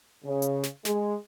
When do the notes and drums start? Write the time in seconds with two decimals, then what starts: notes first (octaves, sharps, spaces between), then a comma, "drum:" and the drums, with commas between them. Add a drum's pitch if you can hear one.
0.25 C#3
0.42 drum: hi-hat
0.63 drum: snare
0.85 G#3, drum: snare